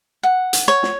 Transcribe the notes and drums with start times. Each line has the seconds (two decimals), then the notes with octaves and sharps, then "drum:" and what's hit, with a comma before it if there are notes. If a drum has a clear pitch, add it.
0.23 F#5
0.53 drum: hi-hat
0.68 C#5
0.83 drum: snare